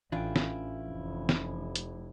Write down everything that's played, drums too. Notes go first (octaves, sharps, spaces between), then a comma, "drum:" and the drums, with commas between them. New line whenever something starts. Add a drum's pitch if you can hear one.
A1 E3 C#4 D4 E4 F4 G5
drum: snare
F1
drum: snare
drum: hi-hat